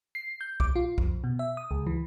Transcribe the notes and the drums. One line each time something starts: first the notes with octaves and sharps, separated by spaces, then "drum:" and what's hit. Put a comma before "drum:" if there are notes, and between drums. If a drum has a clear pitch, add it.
C7
G6
D6, drum: kick B1
F4
F2, drum: kick B1
B2
E5
D#6
C#2
E3